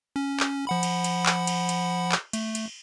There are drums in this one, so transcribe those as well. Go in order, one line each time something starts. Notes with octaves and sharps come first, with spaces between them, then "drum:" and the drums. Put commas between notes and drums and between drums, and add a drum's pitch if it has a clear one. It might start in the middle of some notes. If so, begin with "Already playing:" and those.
C#4
drum: clap
F3 F#5 B5
drum: cymbal
drum: cymbal
drum: clap
drum: cymbal
drum: cymbal
drum: clap
A3, drum: cymbal
drum: cymbal